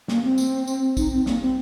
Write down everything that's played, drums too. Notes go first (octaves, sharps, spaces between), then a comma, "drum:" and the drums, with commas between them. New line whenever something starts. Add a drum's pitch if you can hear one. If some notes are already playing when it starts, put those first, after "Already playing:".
A#3, drum: snare
C4
drum: tambourine
drum: tambourine
D#4, drum: kick, tambourine
C4
A#3, drum: snare
C4